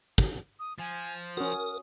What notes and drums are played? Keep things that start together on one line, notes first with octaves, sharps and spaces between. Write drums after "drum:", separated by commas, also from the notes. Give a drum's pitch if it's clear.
drum: kick
D#6
F3 G#5
C#4 F#4 A#4 D#6